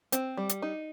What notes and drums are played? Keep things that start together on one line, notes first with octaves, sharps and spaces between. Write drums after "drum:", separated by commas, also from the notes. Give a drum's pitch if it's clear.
C4, drum: hi-hat
G3
drum: hi-hat
D#4